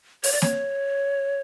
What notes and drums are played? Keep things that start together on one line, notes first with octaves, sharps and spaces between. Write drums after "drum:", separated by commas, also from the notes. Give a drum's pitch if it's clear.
C#5, drum: open hi-hat
D5
C#5, drum: snare A#3